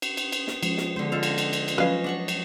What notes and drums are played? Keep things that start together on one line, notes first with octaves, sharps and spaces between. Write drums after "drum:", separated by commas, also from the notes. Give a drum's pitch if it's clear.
drum: cymbal
drum: cymbal
drum: cymbal
drum: snare
F3 G#3 C#4, drum: cymbal
drum: snare
D3 G#3 B3 C5
F4 A4 D#5 F5
drum: cymbal
drum: cymbal
drum: cymbal
drum: cymbal
F3 F#3 C#4 B4 D#5 F5
D4 F#5 C#6
drum: cymbal